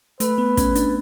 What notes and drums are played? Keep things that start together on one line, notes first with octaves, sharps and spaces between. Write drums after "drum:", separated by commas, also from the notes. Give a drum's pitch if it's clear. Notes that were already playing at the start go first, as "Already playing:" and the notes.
A3 B4, drum: hi-hat
B3
C#4, drum: kick, hi-hat
D4, drum: hi-hat